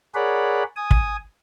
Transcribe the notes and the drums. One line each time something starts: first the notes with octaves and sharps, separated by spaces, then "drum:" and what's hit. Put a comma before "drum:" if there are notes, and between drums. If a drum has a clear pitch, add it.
G#4 A#4 C#5 D5 F#5 B5
G#5 D#6
drum: kick